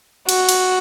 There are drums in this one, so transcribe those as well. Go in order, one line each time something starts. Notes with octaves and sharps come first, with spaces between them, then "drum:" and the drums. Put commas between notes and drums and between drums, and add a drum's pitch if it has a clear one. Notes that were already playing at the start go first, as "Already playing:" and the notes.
F#4, drum: cymbal
drum: cymbal